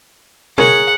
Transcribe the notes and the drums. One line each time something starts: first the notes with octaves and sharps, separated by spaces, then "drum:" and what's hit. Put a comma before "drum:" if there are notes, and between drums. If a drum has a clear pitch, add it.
G#4 A#4 C#5 F#5, drum: tom